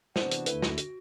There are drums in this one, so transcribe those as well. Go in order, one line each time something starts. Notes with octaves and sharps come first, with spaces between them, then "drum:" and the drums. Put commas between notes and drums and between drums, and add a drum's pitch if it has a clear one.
C3 E3 B3 D4 F#4 C5, drum: snare
drum: hi-hat
D2 D3 A3 E4 B4, drum: hi-hat
F#4, drum: snare
drum: hi-hat